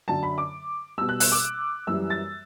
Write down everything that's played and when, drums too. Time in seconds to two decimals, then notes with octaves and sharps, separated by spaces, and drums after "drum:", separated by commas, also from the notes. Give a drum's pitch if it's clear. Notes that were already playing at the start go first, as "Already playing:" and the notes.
0.08 F#2 D3 F#3 A5
0.23 B5
0.38 D6
0.98 B2 G3 E6
1.09 F#6
1.20 F#6, drum: open hi-hat
1.32 D6
1.87 F#2 E3 G3 E6
2.10 A6